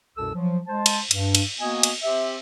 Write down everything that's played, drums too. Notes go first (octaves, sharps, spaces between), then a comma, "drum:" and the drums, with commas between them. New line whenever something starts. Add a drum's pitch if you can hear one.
C2 F#2 B2 A4 E6
F3 F#3
G#3 C5 A5
drum: cymbal
G2, drum: cymbal
drum: cymbal
A#3 B3 F#4 D#5 G#5
drum: cymbal
C4 G4 C5 E5